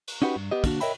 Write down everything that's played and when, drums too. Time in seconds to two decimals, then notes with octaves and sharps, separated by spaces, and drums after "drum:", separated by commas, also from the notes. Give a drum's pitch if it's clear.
0.08 drum: cymbal
0.22 C#4 D#4 F#4 G4 B4
0.36 G2
0.51 B3 G4 D#5
0.64 D3 A#3 D4 F#4, drum: kick, cymbal
0.81 A#4 C#5 D#5 E5 G5 B5, drum: cymbal